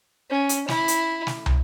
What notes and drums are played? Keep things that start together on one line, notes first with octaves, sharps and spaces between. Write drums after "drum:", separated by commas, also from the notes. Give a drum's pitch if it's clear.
C#4
drum: hi-hat
E4, drum: snare
drum: hi-hat
drum: snare
drum: tom